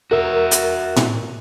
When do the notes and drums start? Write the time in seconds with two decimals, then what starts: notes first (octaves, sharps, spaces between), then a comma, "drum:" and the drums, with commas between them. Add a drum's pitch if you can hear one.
0.11 F#4 A#4 E5
0.51 drum: hi-hat
0.96 drum: tom A2